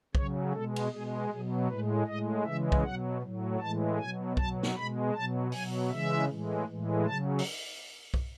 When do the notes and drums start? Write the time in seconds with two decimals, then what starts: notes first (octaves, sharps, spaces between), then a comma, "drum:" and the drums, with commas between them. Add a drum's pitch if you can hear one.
0.15 C#3 F#3 C#5, drum: kick B1
0.53 B2 G#3 A4
0.76 drum: cymbal
0.92 B2 G#3 G#4
1.29 B2 G#4
1.35 F#3
1.68 A2 G#3 B4
2.07 A2 G#3 D#5
2.45 C#3 E3 G#3 E5
2.72 drum: kick B1
2.83 B2 F#3 F#5
3.22 A2 F#3
3.60 A2 E3 G#3 A5
3.98 B2 F#3 G#5
4.37 B2 F#3 A5, drum: kick B1
4.63 drum: snare
4.75 B2 G#3 B5
5.14 B2 F#3 A5
5.52 F#3 G#5, drum: open hi-hat
5.57 B2
5.90 C#3 E3 G#3 E5
6.29 A2 E3 G#3
6.68 A2 E3 G#3
7.06 C#3 F#3 A5
7.39 drum: open hi-hat
8.14 drum: kick B1